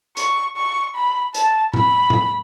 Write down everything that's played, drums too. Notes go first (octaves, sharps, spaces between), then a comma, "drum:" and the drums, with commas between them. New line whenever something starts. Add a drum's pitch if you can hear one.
C#6, drum: hi-hat
C#6
B5
A5, drum: hi-hat
B5, drum: tom A2
drum: tom A2